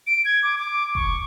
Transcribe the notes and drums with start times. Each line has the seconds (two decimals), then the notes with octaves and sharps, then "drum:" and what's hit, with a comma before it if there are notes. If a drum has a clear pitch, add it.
0.07 D7
0.25 G#6
0.43 D6
0.58 D6
0.95 C#6, drum: kick F1